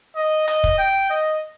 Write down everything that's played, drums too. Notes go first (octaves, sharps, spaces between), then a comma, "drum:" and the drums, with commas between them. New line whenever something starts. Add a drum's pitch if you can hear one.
D#5
D#5, drum: hi-hat
drum: kick
G5
D#5